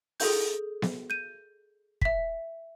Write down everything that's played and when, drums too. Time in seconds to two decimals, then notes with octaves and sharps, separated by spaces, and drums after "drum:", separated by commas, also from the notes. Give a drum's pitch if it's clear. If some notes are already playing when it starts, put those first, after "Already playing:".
0.20 G#4 A4 G6, drum: open hi-hat
0.82 drum: snare B3
1.10 G6 D#7
2.02 E5 B6, drum: kick